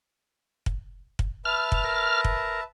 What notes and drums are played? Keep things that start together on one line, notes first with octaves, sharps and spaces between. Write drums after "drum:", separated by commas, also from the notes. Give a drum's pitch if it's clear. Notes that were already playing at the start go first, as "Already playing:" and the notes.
drum: kick
drum: kick
B4 E5 A5 F6
drum: kick
A#4
drum: kick